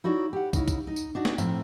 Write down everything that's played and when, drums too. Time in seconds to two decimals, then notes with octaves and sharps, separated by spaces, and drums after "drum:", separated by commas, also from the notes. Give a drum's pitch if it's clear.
0.04 D#4 E4 F#4 C#5 D5
0.33 G4 F#5
0.53 C#3 D#4 E4, drum: kick, tambourine
0.68 drum: kick, tambourine
0.87 D#4
0.96 drum: tambourine
1.15 D4 D#4 F#4
1.25 drum: snare
1.38 A2 F3 C4 E5 A#5, drum: tambourine